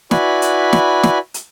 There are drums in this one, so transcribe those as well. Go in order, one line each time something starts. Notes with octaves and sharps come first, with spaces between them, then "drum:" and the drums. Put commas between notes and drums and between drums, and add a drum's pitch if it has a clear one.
E4 F#4 B4 D5 G#5 B5, drum: snare
drum: hi-hat
drum: snare
drum: snare
drum: hi-hat